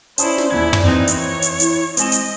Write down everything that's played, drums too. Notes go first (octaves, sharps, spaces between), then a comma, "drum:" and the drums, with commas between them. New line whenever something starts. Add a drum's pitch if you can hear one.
C#4 E4 C5 D5 A5 D#6, drum: hi-hat
drum: snare
D#1 E2 E4 G#6
drum: tom
F2 E3 C4 D#4
drum: hi-hat
C#5
drum: hi-hat
E4, drum: hi-hat
G#3 C4 D#5 G#5 E7, drum: hi-hat
drum: hi-hat